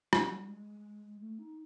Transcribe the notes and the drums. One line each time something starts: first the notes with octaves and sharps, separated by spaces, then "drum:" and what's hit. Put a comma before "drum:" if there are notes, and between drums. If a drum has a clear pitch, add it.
F#3, drum: rim click
G3
G#3
A3
D#4